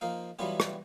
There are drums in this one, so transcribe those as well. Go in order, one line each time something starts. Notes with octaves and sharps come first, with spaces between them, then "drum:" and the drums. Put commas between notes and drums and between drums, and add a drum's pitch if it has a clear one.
F3 A#3 D#4 F5
E3 F#3 G3 B3 F4 G4
drum: rim click